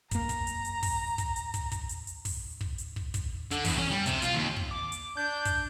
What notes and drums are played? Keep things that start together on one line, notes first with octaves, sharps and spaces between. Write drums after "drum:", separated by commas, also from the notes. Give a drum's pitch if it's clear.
F#1 A#3 A#5, drum: kick, hi-hat
drum: kick, hi-hat
drum: hi-hat
drum: hi-hat
drum: kick, open hi-hat
drum: kick, hi-hat
drum: hi-hat
drum: kick, hi-hat
drum: kick, hi-hat
drum: hi-hat
drum: hi-hat
drum: kick, open hi-hat
drum: kick
drum: hi-hat
drum: kick
drum: kick, hi-hat
D3, drum: hi-hat
E2, drum: kick, open hi-hat
C#4
G3
C3, drum: kick, hi-hat
F4, drum: hi-hat
D#2
drum: kick
D6
drum: hi-hat
D4 G6
drum: kick, hi-hat